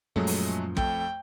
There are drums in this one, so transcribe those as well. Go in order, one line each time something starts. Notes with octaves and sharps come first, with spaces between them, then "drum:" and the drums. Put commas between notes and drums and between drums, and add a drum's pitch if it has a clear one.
F#2 A#2 F3 F#3 G#3 A3
drum: open hi-hat
F2 A3 G5, drum: kick